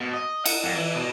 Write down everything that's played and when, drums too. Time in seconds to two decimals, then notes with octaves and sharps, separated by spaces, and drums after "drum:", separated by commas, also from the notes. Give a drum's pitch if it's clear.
0.01 B2
0.14 D#5
0.46 F#5, drum: cymbal
0.63 F2
0.76 E3
0.95 B2